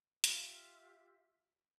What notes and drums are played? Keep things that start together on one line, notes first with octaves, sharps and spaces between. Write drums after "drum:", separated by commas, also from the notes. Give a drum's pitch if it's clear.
F4 G4 E5, drum: hi-hat